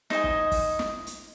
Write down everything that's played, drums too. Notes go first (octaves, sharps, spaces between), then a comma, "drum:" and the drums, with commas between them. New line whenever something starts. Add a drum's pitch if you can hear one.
D#4 C5 D#5 G#5, drum: snare
drum: kick
drum: kick, open hi-hat
drum: snare
drum: hi-hat